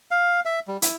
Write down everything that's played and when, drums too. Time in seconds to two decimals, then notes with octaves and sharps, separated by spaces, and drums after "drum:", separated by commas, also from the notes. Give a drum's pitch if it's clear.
0.11 F5
0.45 E5
0.68 G3
0.82 E4, drum: hi-hat